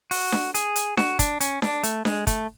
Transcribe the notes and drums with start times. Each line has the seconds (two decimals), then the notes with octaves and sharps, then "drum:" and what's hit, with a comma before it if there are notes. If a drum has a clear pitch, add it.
0.11 F#4, drum: open hi-hat
0.32 drum: snare D4
0.54 G#4, drum: hi-hat
0.76 drum: hi-hat
0.97 F#4, drum: snare D4
1.19 D4, drum: kick, hi-hat
1.40 C#4, drum: hi-hat
1.62 D4, drum: snare D4
1.83 A3, drum: hi-hat
2.05 G#3, drum: snare D4
2.27 A3, drum: kick, hi-hat